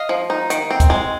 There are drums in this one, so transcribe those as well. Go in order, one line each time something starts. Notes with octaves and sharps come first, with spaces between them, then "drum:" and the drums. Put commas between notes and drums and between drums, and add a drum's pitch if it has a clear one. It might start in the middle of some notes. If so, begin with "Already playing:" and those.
Already playing: D#5 F5
F3
D#4
D#3, drum: hi-hat
C4
drum: kick, hi-hat
G#3